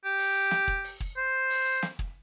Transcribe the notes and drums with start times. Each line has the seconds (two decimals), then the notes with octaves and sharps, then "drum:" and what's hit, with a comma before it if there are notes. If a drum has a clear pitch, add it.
0.05 G4
0.18 drum: open hi-hat
0.35 drum: hi-hat
0.51 drum: snare
0.68 drum: kick, hi-hat
0.84 drum: open hi-hat
1.00 drum: kick
1.17 C5
1.50 drum: open hi-hat
1.66 drum: hi-hat
1.82 drum: snare
1.99 drum: kick, hi-hat